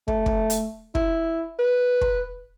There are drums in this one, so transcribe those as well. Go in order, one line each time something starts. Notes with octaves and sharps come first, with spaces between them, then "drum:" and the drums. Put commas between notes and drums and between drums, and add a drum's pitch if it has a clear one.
A3, drum: kick
drum: kick
drum: hi-hat
E4, drum: kick
B4
drum: kick